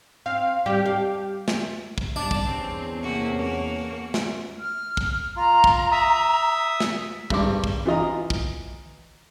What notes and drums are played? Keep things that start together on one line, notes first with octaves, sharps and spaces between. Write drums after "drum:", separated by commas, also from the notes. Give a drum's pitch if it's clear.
C4 F5
G3 G4
F5
drum: snare
drum: kick
B1 G2 D4 D5 A5
drum: kick
E2 C4 C#4
C3 A#3 F#4
A#3 F#4
drum: snare
F6
drum: kick
F4 A#5
drum: kick
E5 D#6
drum: snare
G#1 G2 D6, drum: kick
drum: kick
E3 F4 D#5 A#5
drum: kick